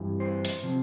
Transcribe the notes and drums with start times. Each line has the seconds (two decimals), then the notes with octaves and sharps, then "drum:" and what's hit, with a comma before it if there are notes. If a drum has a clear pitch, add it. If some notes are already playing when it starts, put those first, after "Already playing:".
Already playing: G2 E3
0.20 C5
0.45 drum: hi-hat
0.63 C3 F3